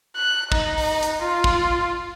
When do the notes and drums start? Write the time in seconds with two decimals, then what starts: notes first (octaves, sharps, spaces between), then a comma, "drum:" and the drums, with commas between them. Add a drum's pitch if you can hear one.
0.16 F#6
0.52 D#4, drum: kick
0.78 drum: open hi-hat
1.03 drum: hi-hat
1.22 F4
1.44 drum: kick